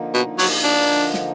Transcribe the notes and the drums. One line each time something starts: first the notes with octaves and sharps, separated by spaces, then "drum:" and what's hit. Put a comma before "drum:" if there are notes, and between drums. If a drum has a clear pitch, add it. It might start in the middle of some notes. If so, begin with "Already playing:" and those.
Already playing: D3 F3 A#3 D#4
B2
F#3, drum: open hi-hat
D4
drum: snare